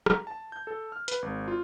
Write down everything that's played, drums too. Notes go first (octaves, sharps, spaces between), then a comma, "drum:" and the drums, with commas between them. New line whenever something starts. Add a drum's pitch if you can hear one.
A#5, drum: rim click
A5
G6
A4
F6
B4, drum: hi-hat
G#1
F4